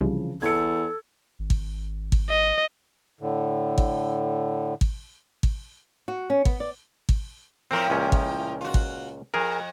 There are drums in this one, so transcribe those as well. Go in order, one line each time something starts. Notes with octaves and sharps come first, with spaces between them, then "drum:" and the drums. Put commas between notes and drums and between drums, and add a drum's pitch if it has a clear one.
C2 C#3 E3 F3
E2 A4 G#6 C#7
G#1
drum: kick G#1
drum: kick G#1
D#5
A2 D3
drum: kick G#1
drum: kick G#1
drum: kick G#1
F#4
C#4
B3, drum: kick G#1
D5
drum: kick G#1
A2 F3 C4 A#4
C#2 A#2 C#4
drum: kick G#1
F4 F#4
drum: kick G#1
F2 G#4 A#4